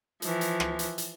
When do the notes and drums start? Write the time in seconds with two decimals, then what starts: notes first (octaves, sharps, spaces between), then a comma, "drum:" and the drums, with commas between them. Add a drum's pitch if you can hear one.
0.22 E3 F3, drum: hi-hat
0.41 drum: hi-hat
0.60 drum: rim click
0.79 drum: hi-hat
0.98 drum: hi-hat